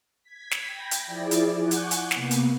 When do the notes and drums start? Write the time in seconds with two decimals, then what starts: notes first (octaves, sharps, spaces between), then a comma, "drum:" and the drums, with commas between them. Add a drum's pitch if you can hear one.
0.23 G#6 B6
0.51 drum: snare
0.64 G5 B5 A#6
0.91 drum: hi-hat
1.06 F3 E4 G#4 D5
1.31 drum: hi-hat
1.60 F#5 G#5 C#6 D6 F#6 G6
1.71 drum: hi-hat
1.91 drum: hi-hat
2.11 C3 A#3 B3, drum: snare
2.31 drum: hi-hat